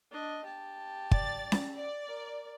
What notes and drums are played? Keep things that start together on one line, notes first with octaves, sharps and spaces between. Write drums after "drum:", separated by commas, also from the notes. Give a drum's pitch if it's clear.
D4 D#5
G4 A5
D5 A6, drum: kick
drum: snare C#4
D5
A#4